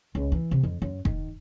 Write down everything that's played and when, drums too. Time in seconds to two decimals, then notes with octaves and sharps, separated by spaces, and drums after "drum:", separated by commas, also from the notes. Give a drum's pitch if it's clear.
0.15 C#2
0.32 E3
0.51 C3
0.63 F2
0.82 F#2
1.05 D#3, drum: kick E1